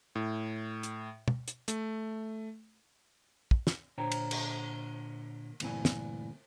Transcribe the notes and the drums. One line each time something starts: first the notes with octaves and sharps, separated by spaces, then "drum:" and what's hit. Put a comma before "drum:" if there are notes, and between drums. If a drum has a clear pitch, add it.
A2
drum: hi-hat
drum: tom
drum: hi-hat
A3, drum: hi-hat
drum: kick
drum: snare
A#2 D3 C5 C#5 G5 A#5
drum: cymbal
drum: cymbal
D2 G2 A#2 E3 C4 G#5, drum: cymbal
drum: snare